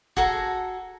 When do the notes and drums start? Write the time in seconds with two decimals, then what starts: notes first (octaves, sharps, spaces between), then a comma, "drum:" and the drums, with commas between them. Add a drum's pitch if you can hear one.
0.17 F#4 G#4 A4 A#5, drum: kick